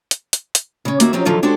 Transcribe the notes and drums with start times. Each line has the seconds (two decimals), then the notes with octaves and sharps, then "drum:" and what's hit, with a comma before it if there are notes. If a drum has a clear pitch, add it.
0.11 drum: hi-hat
0.33 drum: hi-hat
0.55 drum: hi-hat
0.85 C#3 C#4
1.00 D#2 A#3 F#4 E5, drum: hi-hat
1.13 F3 F#3 C4 C#4 D#4 G4
1.25 D3 D#3 F3 F#3 F4 A4
1.43 G#3 D4 F#4 G4 A4 C5